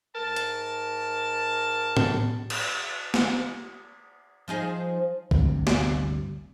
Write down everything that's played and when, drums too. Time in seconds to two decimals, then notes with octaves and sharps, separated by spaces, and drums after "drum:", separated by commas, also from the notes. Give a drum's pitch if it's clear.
0.16 G#2 A#4 A5
0.36 drum: hi-hat
1.97 drum: tom A2
2.50 drum: cymbal
3.14 drum: snare
4.48 F3 D#4 G#4
5.31 G1 D2 G2 C3, drum: kick A#1
5.67 drum: snare